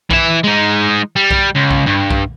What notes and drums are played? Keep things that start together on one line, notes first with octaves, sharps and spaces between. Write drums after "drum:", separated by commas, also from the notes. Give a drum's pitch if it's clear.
E3 E5, drum: kick B1
G#3 D#4
G3
drum: kick B1
C#2
drum: kick B1
G2
drum: kick B1